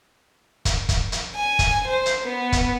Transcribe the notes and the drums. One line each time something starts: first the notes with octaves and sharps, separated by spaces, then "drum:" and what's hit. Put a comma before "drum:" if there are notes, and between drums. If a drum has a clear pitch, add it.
drum: kick, hi-hat
drum: kick, hi-hat
drum: hi-hat
G#5
drum: kick, hi-hat
C5
drum: hi-hat
B3
drum: kick, hi-hat